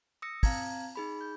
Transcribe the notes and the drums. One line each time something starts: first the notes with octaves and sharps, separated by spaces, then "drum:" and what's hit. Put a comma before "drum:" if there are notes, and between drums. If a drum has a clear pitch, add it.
D#6 E6 A#6 C#7
C4 F5 A5 A#5 G#6, drum: kick, open hi-hat
D#4 G#4 B5
G6